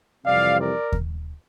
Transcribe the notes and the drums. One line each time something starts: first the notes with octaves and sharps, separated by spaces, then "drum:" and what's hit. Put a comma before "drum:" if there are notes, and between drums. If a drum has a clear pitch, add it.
F2 C3 E3 G3 C4 D5 F5
A#4 D5
drum: kick D#2